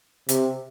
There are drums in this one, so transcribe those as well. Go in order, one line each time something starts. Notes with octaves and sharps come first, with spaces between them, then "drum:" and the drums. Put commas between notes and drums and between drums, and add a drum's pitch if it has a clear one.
C3, drum: hi-hat